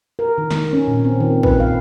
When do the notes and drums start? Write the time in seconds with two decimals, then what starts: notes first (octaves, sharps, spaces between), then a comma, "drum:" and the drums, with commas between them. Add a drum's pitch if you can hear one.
0.19 A#4
0.38 D#3
0.50 D#3, drum: snare
0.73 C#4
0.88 A#2
1.05 C4
1.20 D#3
1.43 B4, drum: kick
1.60 F5